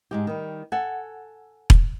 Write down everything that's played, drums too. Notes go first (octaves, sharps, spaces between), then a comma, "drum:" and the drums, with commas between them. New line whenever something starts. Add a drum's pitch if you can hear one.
G#2 G#3 G4
D#3 G3
A4 F#5 G#5
drum: kick E1